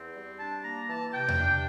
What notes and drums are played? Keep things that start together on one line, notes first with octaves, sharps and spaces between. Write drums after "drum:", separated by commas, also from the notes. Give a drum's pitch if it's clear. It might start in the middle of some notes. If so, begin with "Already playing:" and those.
Already playing: E2 C4
G3
D4 A5
A#3 A#5
E3 A5
A5
C3 G5
drum: tom E2
D4